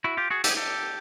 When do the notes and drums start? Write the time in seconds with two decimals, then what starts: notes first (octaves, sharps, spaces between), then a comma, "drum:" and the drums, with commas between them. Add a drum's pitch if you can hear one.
0.04 E4 F#4
0.17 F4 G4
0.30 F#4 G#4
0.44 G4 A4, drum: hi-hat
0.51 G#4
0.56 G4 A4